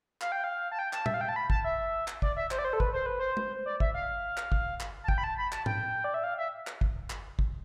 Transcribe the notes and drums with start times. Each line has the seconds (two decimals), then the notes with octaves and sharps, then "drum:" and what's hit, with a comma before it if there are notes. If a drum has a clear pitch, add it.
0.21 F5, drum: clap
0.32 G5
0.44 F5
0.72 A5
0.79 G5
0.93 A5, drum: clap
1.06 E5, drum: tom A#2
1.14 F5
1.21 G5
1.29 A5
1.36 B5
1.50 A5, drum: kick
1.64 E5
2.08 drum: clap
2.22 D5, drum: kick
2.36 E5
2.51 C5, drum: clap
2.59 D5
2.65 C5
2.73 A4
2.80 B4, drum: kick
2.93 C5
3.06 B4
3.19 C5
3.37 drum: tom
3.66 D5
3.80 E5, drum: kick
3.94 F5
4.37 drum: clap
4.52 drum: kick
4.80 drum: clap
5.04 A5
5.08 G5, drum: kick
5.18 B5
5.24 A5
5.38 B5
5.52 A5, drum: clap
5.66 G5, drum: tom G#2
6.04 D5
6.14 E5
6.24 F5
6.38 E5
6.67 drum: clap
6.81 drum: kick
7.10 drum: clap
7.39 drum: kick